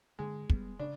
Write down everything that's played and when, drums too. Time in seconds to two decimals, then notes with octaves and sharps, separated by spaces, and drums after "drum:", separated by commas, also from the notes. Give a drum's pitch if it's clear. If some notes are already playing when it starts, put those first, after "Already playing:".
0.19 D3 G#3
0.50 G3 B3, drum: kick
0.79 C#3 D4